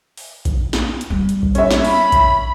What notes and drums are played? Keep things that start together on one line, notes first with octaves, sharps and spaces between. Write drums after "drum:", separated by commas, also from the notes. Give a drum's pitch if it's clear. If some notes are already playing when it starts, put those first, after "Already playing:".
drum: open hi-hat
drum: kick A#1, hi-hat
drum: snare
drum: hi-hat
G3
drum: hi-hat
drum: kick A#1
C#4 E5, drum: hi-hat
drum: snare
B5, drum: open hi-hat
drum: kick A#1, hi-hat